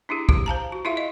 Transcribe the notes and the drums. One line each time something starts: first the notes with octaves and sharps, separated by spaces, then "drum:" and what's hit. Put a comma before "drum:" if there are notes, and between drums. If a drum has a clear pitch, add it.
D4 E4 G4 G#4
G4, drum: kick
C5 F5 A5 A#5
F#4
E4 F4 G#4 E5 F5
D#5